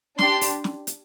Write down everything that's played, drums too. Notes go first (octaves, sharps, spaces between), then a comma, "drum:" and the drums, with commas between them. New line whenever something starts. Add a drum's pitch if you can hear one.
D4 G4 C6, drum: snare
drum: open hi-hat
drum: snare
drum: hi-hat